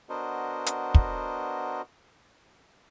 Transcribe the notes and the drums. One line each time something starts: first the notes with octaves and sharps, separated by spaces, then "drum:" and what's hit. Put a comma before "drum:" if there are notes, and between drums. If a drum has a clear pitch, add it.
B3 D4 F#4 A#4 C5 D#5
drum: hi-hat
drum: kick